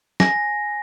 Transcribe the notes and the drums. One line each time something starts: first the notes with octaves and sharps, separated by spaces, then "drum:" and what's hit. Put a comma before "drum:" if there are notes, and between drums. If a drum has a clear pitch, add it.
G#5 A#6, drum: snare